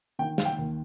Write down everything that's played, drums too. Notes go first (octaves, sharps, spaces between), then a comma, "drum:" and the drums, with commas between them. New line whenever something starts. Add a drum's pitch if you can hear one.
D#3 G5
F5, drum: snare
G5
D#2